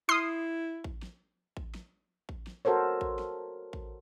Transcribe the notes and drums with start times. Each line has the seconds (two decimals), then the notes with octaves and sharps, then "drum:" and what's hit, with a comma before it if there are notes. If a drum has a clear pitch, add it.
0.09 E4 C6 D#6 F6 C7
0.84 drum: kick A1
1.02 drum: snare
1.57 drum: kick A1
1.75 drum: snare
2.29 drum: kick A1
2.47 drum: snare
2.65 F#4 A4 A#4 C5 C#5
3.01 drum: kick A1
3.19 drum: snare
3.73 drum: kick A1